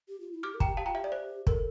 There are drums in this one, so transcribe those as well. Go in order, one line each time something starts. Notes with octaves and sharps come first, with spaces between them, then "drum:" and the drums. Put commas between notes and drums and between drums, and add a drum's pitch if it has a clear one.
G4
F4
E4
G4 D6 F6
A#4
G5 A#5, drum: kick
G4
G4 F5 A5
F4 G5 A#5
G4 E5
D5
C5
A4 A#4, drum: kick